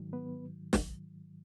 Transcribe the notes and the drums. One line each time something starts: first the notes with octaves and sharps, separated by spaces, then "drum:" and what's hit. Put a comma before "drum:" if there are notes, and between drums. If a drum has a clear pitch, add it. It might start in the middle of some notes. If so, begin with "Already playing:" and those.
Already playing: G#2 D#3 F#3
B3 B4
drum: snare